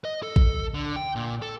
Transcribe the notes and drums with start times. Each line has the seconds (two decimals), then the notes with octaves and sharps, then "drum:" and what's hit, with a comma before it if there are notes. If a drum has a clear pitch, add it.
0.05 D#5
0.23 A4
0.36 drum: kick A1
0.74 D3
0.96 G5
1.16 A#2
1.42 A4